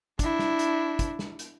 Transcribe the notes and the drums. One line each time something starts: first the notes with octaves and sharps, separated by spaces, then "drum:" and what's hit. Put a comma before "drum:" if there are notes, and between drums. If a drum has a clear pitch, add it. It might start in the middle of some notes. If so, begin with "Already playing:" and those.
D4 E4, drum: kick, hi-hat
drum: snare
drum: hi-hat
drum: kick, hi-hat
drum: snare
drum: hi-hat